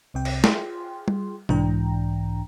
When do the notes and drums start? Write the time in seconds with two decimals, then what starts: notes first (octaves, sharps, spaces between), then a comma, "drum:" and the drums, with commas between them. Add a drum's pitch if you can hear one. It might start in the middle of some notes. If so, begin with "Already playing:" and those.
0.14 C2 C3 G5
0.25 drum: cymbal
0.44 F4 G#4 G5 C6, drum: snare
1.08 drum: tom G3
1.49 B1 G#2 E3 D4 G5 A#5, drum: tom B2